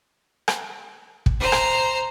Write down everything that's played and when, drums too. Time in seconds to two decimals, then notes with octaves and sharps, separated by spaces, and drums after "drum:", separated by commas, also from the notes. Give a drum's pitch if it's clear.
0.48 drum: rim click
1.26 drum: kick
1.39 C5 A#5
1.52 drum: rim click